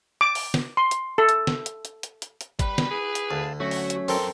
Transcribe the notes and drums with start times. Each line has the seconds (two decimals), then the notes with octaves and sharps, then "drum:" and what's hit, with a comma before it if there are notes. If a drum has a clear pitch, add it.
0.21 D6
0.35 drum: open hi-hat
0.54 drum: snare
0.77 C6
0.91 drum: hi-hat
1.18 A4
1.29 drum: hi-hat
1.47 drum: snare
1.66 drum: hi-hat
1.85 drum: hi-hat
2.03 drum: hi-hat
2.22 drum: hi-hat
2.41 drum: hi-hat
2.59 G3 B4 B5, drum: kick, hi-hat
2.78 drum: snare
2.91 G#4
3.15 drum: hi-hat
3.31 D2 F5 A5
3.60 F#3 A3 C#4 F#4 C#5
3.71 drum: open hi-hat
3.90 drum: hi-hat
4.08 F#2 C4 A4 A#4 C6, drum: open hi-hat